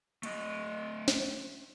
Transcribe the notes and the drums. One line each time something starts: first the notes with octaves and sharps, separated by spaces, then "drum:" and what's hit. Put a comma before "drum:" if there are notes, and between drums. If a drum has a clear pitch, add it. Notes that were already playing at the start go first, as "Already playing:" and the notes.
A3 D#5, drum: hi-hat
drum: snare